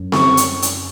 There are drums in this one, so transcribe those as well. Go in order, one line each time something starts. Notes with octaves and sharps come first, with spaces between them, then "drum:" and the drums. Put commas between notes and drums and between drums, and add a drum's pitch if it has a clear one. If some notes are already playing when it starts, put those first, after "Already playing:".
Already playing: F#2
C#6, drum: snare C4
drum: hi-hat
drum: hi-hat